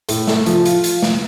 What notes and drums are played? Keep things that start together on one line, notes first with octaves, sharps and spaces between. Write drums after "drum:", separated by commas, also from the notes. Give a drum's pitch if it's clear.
A2, drum: hi-hat
A3, drum: snare
F3, drum: hi-hat
F4, drum: hi-hat
drum: hi-hat
drum: snare